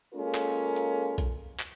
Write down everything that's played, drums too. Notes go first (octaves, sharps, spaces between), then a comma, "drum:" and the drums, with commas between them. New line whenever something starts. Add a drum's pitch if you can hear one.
G#3 A#3 C#4 F4 A4 A#4
drum: clap
drum: hi-hat
drum: kick B1, hi-hat
drum: clap